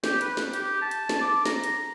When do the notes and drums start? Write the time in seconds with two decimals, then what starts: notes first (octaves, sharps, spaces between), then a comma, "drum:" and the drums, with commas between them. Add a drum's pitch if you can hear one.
0.04 G4, drum: snare
0.21 B4, drum: hi-hat
0.37 drum: snare
0.54 G4, drum: hi-hat
0.82 A5
0.91 drum: hi-hat
1.09 drum: snare
1.21 D6
1.46 A#5, drum: snare
1.64 drum: hi-hat